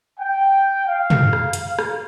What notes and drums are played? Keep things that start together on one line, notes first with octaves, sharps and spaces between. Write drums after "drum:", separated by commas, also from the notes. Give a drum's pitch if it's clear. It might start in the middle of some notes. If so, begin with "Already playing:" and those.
G5
F5
drum: tom
drum: rim click
F5, drum: hi-hat
drum: rim click